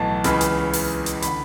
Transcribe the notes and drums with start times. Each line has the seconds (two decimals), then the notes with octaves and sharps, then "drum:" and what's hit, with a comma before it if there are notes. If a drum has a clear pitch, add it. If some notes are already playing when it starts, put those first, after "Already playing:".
Already playing: B1 A2 E3 A5
0.24 C#2 C#3 E3 B5, drum: hi-hat
0.41 drum: hi-hat
0.73 drum: open hi-hat
1.06 drum: hi-hat
1.22 D3 B5, drum: hi-hat